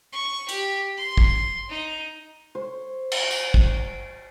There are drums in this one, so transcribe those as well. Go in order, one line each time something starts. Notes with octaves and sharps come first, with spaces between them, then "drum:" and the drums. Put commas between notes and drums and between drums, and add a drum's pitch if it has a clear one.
C#6
G4, drum: hi-hat
C6
drum: kick
D#4
C5 C#5
drum: cymbal
drum: tambourine
drum: kick